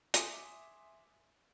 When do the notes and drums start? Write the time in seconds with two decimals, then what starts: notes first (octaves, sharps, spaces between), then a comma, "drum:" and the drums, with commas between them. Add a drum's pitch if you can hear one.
0.14 E5 G#5 C6 D6 D#6, drum: hi-hat